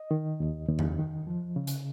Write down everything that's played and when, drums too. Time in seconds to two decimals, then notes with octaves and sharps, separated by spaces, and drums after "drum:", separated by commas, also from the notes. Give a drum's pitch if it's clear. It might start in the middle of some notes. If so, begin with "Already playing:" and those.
Already playing: D#5
0.11 D#3
0.40 D#2
0.69 D#2
0.79 drum: tom E2
0.99 D#3
1.27 F3
1.56 C#3
1.67 drum: hi-hat